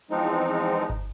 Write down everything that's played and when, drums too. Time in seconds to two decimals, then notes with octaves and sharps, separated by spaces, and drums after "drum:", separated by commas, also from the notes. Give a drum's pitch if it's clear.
0.10 E2 F3 G#3 C4 D#4
0.90 drum: kick G1